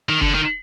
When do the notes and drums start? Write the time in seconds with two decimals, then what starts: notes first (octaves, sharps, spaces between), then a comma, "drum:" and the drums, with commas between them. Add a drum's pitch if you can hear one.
0.09 D#3
0.22 D3, drum: kick F1
0.35 D#3